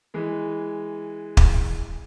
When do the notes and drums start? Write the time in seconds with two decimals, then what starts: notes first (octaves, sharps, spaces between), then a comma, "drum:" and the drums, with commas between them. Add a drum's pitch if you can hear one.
0.14 E3 G#3
1.37 drum: kick